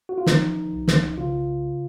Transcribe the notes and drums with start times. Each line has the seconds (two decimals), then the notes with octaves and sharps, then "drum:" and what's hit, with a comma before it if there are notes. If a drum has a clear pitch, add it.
0.09 F#4
0.18 F4
0.26 F3 D#4, drum: snare
0.72 C2
0.88 drum: snare
1.18 C#3 F4